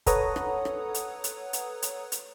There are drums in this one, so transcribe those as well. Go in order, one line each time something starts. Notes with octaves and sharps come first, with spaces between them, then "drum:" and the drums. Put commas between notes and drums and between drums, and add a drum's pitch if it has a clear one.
A4 B4 C#5 F#5 A#5 D#6, drum: kick, hi-hat
drum: rim click
drum: rim click
drum: hi-hat
drum: hi-hat
drum: hi-hat
drum: hi-hat
drum: hi-hat